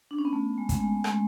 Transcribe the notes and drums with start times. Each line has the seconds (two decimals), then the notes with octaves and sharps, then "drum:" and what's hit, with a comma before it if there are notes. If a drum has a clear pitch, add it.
0.11 D4
0.18 C#4
0.25 B3
0.33 A3
0.58 G#3
0.69 drum: kick, hi-hat
0.80 G#3
1.04 G#3, drum: rim click